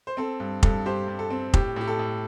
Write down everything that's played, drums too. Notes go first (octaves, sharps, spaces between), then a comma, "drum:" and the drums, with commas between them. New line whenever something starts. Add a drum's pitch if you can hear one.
C5
C4 A4
G2
G2 A4, drum: kick F1
G2 G4 C5
G2
A4
C4
A2 G4, drum: kick F1
A2 G4
A4
A2